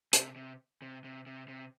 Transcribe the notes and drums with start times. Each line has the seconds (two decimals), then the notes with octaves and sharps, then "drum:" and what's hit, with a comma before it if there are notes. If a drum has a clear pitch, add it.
0.13 C3, drum: hi-hat
0.36 C3
0.82 C3
1.04 C3
1.27 C3
1.48 C3